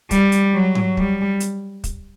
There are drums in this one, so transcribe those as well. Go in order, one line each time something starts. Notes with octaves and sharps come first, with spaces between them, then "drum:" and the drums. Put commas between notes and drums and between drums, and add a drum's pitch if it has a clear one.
G3, drum: kick, hi-hat
drum: hi-hat
F#3
drum: tom G#2
G3, drum: kick
drum: hi-hat
drum: kick, hi-hat